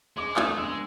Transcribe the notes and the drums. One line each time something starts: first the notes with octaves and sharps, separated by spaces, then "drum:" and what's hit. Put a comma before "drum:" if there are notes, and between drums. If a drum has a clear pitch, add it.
G#3 D6
A3 D#6, drum: clap
G#3 E6